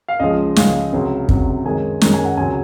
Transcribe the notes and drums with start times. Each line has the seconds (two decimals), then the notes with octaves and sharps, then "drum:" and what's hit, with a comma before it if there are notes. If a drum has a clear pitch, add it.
0.08 F5
0.19 C#2 C#3 F3 G#3 D#5
0.56 C#2 C#3 F3 G#3 F5, drum: snare
0.93 C#2 C3 F#3
1.29 C#2 C3 F#3, drum: kick
1.65 F#2 D#3 G#3 G#5
2.01 F#2 D#3 G#3 A#5, drum: snare
2.14 G#5
2.25 F#5
2.37 C#2 C3 F#3 G#5